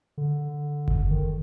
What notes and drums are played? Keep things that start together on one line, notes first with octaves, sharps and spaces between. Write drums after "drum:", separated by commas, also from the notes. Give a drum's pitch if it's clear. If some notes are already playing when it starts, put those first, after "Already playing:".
D3
drum: kick F#1
D#3